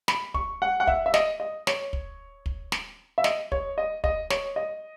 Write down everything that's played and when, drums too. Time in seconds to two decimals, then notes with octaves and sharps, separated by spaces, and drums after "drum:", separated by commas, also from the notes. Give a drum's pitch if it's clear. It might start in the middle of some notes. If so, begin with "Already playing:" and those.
0.08 B5, drum: snare
0.34 C#6, drum: kick
0.62 F#5
0.80 F#5
0.87 E5, drum: kick
1.06 E5
1.14 D#5, drum: snare
1.40 D#5
1.67 C#5, drum: snare
1.93 drum: kick
2.46 drum: kick
2.72 drum: snare
3.18 E5
3.24 D#5, drum: snare
3.52 C#5, drum: kick
3.78 D#5
4.04 D#5, drum: kick
4.30 C#5, drum: snare
4.56 D#5